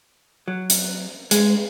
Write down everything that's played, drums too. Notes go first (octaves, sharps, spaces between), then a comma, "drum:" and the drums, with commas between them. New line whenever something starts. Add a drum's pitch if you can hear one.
F#3
drum: hi-hat
G#3, drum: hi-hat